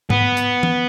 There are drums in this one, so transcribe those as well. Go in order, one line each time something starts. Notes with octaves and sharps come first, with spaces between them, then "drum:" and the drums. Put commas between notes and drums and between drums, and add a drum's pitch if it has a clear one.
B3, drum: tom G#2
drum: hi-hat
drum: tom E3